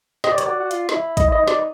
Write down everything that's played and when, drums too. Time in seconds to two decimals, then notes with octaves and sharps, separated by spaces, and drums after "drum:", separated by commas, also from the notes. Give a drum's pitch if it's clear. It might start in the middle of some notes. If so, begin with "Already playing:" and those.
0.24 G4 D#5, drum: snare
0.32 D5
0.38 C#5, drum: hi-hat
0.46 F#4 D5
0.60 F#4
0.71 F4, drum: hi-hat
0.89 D#4, drum: snare
0.94 E4
1.17 D#4 D#5, drum: kick, hi-hat
1.28 E4 D#5
1.38 D#4
1.48 D5, drum: snare